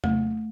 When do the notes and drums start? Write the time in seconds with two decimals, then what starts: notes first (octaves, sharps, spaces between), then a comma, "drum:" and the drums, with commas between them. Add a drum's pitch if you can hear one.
0.04 A3, drum: tom